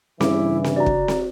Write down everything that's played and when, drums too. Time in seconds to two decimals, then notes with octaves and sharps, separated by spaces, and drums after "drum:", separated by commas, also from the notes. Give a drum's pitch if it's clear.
0.21 G2 C#3 E3 E4 D6, drum: snare C4
0.64 drum: snare C4
0.76 F#4 D5 A#5
0.86 drum: kick
1.08 drum: snare C4